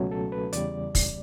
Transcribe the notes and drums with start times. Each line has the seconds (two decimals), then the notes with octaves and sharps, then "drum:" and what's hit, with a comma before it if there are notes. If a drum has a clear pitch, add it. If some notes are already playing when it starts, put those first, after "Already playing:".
Already playing: C#2 B2 F#3 A3 C#4
0.11 A4
0.32 B4
0.53 E2 C#3 G3 D5, drum: hi-hat
0.95 drum: kick, open hi-hat